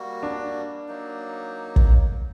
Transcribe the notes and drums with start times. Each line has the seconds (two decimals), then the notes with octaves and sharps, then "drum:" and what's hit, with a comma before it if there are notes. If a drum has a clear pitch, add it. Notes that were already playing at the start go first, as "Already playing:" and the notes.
Already playing: G3 A#3 F#4
0.23 D4
0.88 F#3 A#3 D#4
1.76 drum: kick